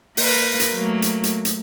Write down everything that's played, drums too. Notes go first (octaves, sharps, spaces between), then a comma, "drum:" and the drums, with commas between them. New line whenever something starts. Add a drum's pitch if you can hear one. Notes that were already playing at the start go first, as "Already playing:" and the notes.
A#3 A#4 B4, drum: open hi-hat
drum: hi-hat
F#3 A3 A#3
drum: hi-hat
drum: hi-hat
drum: hi-hat